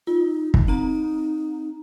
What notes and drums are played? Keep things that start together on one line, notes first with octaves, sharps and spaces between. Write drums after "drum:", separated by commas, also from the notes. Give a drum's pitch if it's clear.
D#4 F4
drum: kick
C4 D#4 A#5